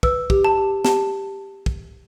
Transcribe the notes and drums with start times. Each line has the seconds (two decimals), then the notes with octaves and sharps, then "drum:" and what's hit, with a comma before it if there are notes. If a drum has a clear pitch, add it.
0.03 B4 E6, drum: kick
0.30 G4, drum: kick
0.45 A5
0.58 G4
0.85 G4 A5, drum: snare
1.66 drum: kick